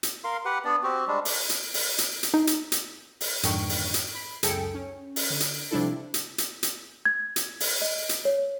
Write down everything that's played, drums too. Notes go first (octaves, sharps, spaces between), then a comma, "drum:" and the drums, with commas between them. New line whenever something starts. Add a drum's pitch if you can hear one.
drum: hi-hat
A#4 F5 C6
G4 B4 F#5
B3 D4 D5
C4 F#4 G4
G3 G#3 D4
drum: open hi-hat
drum: hi-hat
drum: open hi-hat
drum: hi-hat
drum: hi-hat
D#4
drum: hi-hat
drum: hi-hat
drum: open hi-hat
F2 G#2 D3 D#3 G5 C#6, drum: hi-hat
drum: open hi-hat
drum: hi-hat
B5
C#2 F#2 G#4 A4 G5 C#7, drum: hi-hat
C#4
drum: open hi-hat
D3
drum: hi-hat
C3 F3 G3 D4 E4 A4
drum: hi-hat
drum: hi-hat
drum: hi-hat
G#6
drum: hi-hat
drum: open hi-hat
D#5
drum: hi-hat
C#5